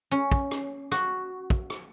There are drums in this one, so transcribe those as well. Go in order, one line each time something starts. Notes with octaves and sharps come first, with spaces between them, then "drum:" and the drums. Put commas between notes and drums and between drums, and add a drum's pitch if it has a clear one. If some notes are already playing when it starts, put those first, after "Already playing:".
C#4
drum: kick
drum: rim click
F#4, drum: rim click
drum: kick
drum: rim click